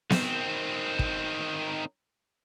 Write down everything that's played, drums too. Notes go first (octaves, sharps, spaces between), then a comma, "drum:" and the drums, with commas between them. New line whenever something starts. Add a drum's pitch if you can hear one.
D#3 C4, drum: snare B3
drum: kick